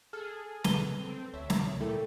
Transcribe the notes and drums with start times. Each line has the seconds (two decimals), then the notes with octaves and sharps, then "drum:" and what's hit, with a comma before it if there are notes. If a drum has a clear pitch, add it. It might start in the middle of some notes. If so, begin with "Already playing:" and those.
0.13 G#4 A4 F6
0.64 B4 D#7 G7, drum: snare
0.99 C4
1.34 D2 C#5 E5
1.50 drum: snare
1.81 A#2 A3 E4 A4 A#4 G5